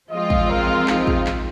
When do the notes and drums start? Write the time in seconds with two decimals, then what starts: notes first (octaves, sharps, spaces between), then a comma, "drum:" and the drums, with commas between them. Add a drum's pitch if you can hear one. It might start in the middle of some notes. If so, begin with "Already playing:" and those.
0.10 F3 G#3 C4 F4 D#5
0.30 drum: kick
0.50 A#4
0.88 D#4, drum: clap
1.07 drum: kick
1.26 drum: clap